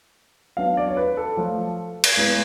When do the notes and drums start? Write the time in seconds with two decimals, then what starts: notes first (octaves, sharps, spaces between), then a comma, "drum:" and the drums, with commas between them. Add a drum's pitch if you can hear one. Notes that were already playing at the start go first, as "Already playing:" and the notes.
0.57 F#3 B3 D4 F5
0.77 D5
0.88 C#5
0.97 B4
1.17 A4
1.37 F3 A3 F4
2.04 drum: cymbal
2.17 A2 G#3 B3